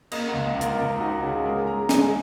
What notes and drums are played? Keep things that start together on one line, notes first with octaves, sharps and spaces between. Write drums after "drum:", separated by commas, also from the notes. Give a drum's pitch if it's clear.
A#3 D#5, drum: cymbal
F#5
C#2
D#5
C#2
A#4, drum: hi-hat
C#2 A#4
D#4 F#4
C#3 G#4
G#3 A#4
G#3 A#5
G#3 G#5, drum: snare